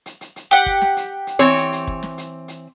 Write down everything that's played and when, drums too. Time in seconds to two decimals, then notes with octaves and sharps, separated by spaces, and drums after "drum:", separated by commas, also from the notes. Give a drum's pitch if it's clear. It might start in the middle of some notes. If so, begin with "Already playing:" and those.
0.06 drum: hi-hat
0.21 drum: hi-hat
0.36 drum: hi-hat
0.51 G4 F#5, drum: hi-hat
0.66 drum: kick
0.81 drum: snare
0.97 drum: hi-hat
1.27 drum: hi-hat
1.39 E3 C4 C#5, drum: hi-hat
1.57 drum: hi-hat
1.72 drum: hi-hat
1.87 drum: kick
2.03 drum: snare
2.18 drum: hi-hat
2.48 drum: hi-hat